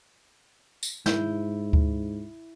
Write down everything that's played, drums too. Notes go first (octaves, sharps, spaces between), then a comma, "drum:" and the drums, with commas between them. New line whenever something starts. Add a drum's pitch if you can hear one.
drum: tambourine
G#2 E4 G6, drum: snare
drum: kick D2